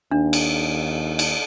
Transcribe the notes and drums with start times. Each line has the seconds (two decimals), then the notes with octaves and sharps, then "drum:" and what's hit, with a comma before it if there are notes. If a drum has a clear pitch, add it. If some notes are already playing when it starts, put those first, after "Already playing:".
0.11 D#2 D4
0.33 drum: cymbal
1.19 drum: cymbal